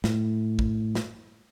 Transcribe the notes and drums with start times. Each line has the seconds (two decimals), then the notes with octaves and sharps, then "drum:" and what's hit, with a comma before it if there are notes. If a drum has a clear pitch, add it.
0.04 A2, drum: snare
0.59 drum: kick
0.95 drum: snare